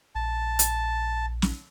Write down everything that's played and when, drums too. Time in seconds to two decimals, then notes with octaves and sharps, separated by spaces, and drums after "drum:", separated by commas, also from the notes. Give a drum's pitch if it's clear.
0.15 A#1 A5
0.59 drum: hi-hat
1.42 drum: snare